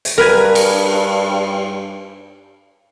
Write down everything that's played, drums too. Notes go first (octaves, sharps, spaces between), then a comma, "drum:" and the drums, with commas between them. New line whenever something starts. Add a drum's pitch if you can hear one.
drum: hi-hat
G2 A#4 B4 G#5
drum: cymbal